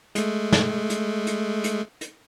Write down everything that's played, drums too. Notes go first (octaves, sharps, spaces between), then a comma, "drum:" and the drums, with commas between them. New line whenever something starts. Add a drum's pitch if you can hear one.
G#3 A3, drum: hi-hat
drum: snare
drum: hi-hat
drum: hi-hat
drum: hi-hat
drum: hi-hat